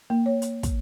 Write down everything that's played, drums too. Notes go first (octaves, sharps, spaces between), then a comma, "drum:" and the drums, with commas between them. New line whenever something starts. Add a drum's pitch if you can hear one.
A#3
C#5
drum: hi-hat
drum: kick, hi-hat